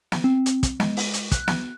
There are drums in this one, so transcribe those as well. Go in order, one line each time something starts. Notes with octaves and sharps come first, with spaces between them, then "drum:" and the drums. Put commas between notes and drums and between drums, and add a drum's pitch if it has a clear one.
drum: snare
C4
drum: hi-hat
drum: kick, hi-hat
G#3, drum: snare
drum: open hi-hat
drum: hi-hat
F#6, drum: kick, hi-hat
drum: snare